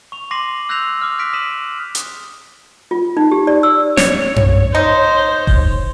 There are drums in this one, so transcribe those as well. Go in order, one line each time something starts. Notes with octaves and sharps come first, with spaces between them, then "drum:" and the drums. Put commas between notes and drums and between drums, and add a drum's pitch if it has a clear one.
C#6 F7
C6 D6 A#6 C7 D#7 F#7
E6 F#6 G6 A#6 C7 F7
D6 D#6 F6
F6 F#6 A#6 B6 D7 F7
D#6 B6 D#7 E7 F#7
drum: hi-hat
F4
D#4
G4
D5
E6
C#5, drum: snare
drum: tom F#2
D#4 C5
drum: kick F1